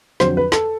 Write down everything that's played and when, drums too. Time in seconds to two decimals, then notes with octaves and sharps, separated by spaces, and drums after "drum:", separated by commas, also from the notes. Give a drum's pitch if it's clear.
0.20 F2 D3 F#3 C5, drum: snare
0.37 B4
0.52 A4, drum: snare